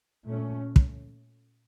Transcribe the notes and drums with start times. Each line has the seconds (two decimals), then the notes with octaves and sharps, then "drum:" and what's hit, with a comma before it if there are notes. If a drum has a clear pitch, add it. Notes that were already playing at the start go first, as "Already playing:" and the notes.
0.26 A#2 A3 C#4
0.76 drum: kick